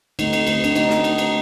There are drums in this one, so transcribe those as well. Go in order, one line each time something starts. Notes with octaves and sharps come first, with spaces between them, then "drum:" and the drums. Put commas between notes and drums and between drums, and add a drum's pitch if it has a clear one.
D3 A3 C4 D#4, drum: cymbal
drum: cymbal
D3 A3 C4, drum: cymbal
D4, drum: cymbal
D3 A3 D#4, drum: cymbal
drum: snare
drum: cymbal
drum: cymbal